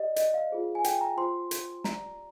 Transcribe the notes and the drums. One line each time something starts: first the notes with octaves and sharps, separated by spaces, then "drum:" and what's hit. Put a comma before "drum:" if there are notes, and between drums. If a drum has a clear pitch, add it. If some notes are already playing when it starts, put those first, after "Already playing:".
Already playing: G4 D5 D#5
D#5, drum: hi-hat
F5
F4 G#4 C5
G#5
G5, drum: hi-hat
A#5
F4 C5 C6
drum: hi-hat
G4 D5 A#5, drum: snare